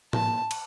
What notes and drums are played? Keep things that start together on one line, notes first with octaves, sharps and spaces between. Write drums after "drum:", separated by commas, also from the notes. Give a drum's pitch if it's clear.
A5, drum: tom A2
drum: cymbal